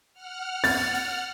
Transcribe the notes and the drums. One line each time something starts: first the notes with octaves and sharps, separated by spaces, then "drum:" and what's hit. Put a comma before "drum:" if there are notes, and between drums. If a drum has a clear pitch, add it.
F#5 F6
A6, drum: open hi-hat
drum: hi-hat